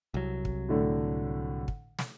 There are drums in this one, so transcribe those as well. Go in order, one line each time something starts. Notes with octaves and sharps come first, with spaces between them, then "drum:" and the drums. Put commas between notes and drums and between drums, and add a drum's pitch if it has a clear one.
C2 F#3
drum: kick
A2 D3 A3
drum: kick
drum: snare